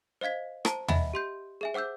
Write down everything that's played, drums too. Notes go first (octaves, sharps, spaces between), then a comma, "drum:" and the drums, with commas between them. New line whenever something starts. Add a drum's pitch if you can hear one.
C5 D#5 F5 G#6 B6
C5 A5 A#5, drum: rim click
D#5 E5 F#5 G#5 B5, drum: tom
G4 C6 G6
G#4 E5 G#5
C5 F#5 D6 E6 G6